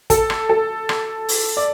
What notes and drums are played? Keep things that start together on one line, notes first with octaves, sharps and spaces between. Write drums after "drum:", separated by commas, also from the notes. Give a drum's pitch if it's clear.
A4, drum: kick, hi-hat
drum: rim click
A4
drum: rim click
drum: open hi-hat
D5